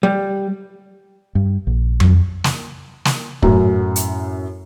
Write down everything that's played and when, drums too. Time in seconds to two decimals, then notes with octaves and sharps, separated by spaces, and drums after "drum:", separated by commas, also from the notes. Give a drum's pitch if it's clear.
0.03 G3
1.35 G2
1.67 A#1
2.00 F#3, drum: tom F2
2.44 drum: snare
3.05 drum: snare
3.42 F#2 A2, drum: kick
3.96 drum: hi-hat